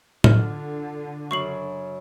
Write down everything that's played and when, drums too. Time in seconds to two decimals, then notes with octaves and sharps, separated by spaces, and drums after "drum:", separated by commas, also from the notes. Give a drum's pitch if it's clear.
0.24 D3 F4 F6, drum: tom A2
1.31 F#2 C#3 C#6 C7 F#7